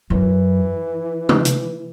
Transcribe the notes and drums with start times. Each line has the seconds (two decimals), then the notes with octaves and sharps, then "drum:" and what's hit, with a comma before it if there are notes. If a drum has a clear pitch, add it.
0.10 F#2 E3
1.29 drum: tom
1.45 drum: hi-hat